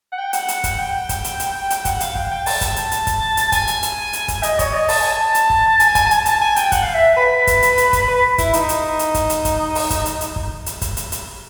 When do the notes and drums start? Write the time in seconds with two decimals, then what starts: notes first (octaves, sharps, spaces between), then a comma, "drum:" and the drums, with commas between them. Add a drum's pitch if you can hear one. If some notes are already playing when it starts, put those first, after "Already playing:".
0.12 F#5
0.19 G5
0.33 F#5, drum: hi-hat
0.48 drum: hi-hat
0.64 drum: kick, hi-hat
0.79 G5
1.09 drum: kick, hi-hat
1.24 drum: hi-hat
1.40 drum: hi-hat
1.70 G5, drum: hi-hat
1.85 F#5, drum: kick, hi-hat
2.00 F5, drum: hi-hat
2.15 G5, drum: kick
2.31 G5
2.46 A5, drum: open hi-hat
2.61 drum: kick, hi-hat
2.76 drum: hi-hat
2.91 drum: hi-hat
3.07 drum: kick, hi-hat
3.37 drum: hi-hat
3.52 G#5, drum: kick, hi-hat
3.67 drum: hi-hat
3.83 drum: hi-hat
4.13 drum: hi-hat
4.28 drum: kick, hi-hat
4.43 D#5, drum: hi-hat
4.59 C#5, drum: kick, hi-hat
4.74 D#5
4.89 A5, drum: open hi-hat
5.00 G#5
5.12 A5
5.35 drum: hi-hat
5.50 drum: kick
5.80 G#5, drum: hi-hat
5.95 G#5, drum: kick, hi-hat
6.06 A5
6.11 G#5, drum: hi-hat
6.26 A5, drum: hi-hat
6.41 G#5
6.56 G5, drum: hi-hat
6.72 F#5, drum: kick, hi-hat
6.83 F5
6.94 E5
7.17 B4
7.47 drum: kick, hi-hat
7.62 drum: hi-hat
7.78 drum: hi-hat
7.93 drum: kick, hi-hat
8.08 B4
8.38 E4, drum: kick, hi-hat
8.53 D#4, drum: hi-hat
8.69 drum: hi-hat
8.99 drum: hi-hat
9.14 drum: kick, hi-hat
9.30 drum: hi-hat
9.45 drum: kick, hi-hat
9.75 drum: open hi-hat
9.90 drum: kick, hi-hat
10.06 drum: hi-hat
10.21 drum: hi-hat
10.36 drum: kick
10.66 drum: hi-hat
10.82 drum: kick, hi-hat
10.97 drum: hi-hat
11.12 drum: hi-hat